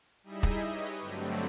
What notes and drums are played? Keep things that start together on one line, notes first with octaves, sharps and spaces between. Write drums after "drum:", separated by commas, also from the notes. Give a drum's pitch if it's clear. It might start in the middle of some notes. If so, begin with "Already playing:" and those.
G3 D#4 E4 G#4 D#5 E5
drum: kick
G4 B4 C#5 D#5
G2 D3 F#3 G3 A3 C4